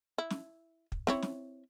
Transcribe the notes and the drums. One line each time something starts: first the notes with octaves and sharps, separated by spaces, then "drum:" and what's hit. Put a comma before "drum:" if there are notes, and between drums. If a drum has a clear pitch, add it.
E4
drum: snare
drum: kick
C4 E4 C#5, drum: snare
drum: snare